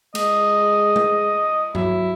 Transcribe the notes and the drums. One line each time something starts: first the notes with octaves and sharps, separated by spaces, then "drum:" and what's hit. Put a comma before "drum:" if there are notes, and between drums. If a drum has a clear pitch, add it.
G#3 D#5, drum: cymbal
drum: tom G#3
F#3 E4, drum: tom G2